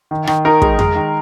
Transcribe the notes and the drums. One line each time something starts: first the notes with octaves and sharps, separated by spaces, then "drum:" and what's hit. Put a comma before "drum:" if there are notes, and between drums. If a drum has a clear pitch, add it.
D#3
D#3, drum: rim click
D#4 A#4
G#3, drum: kick
G#3, drum: tom F2
D#3